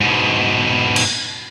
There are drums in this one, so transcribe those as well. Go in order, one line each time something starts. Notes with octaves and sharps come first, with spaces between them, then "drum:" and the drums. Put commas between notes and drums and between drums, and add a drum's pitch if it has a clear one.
G#2 B2
drum: cymbal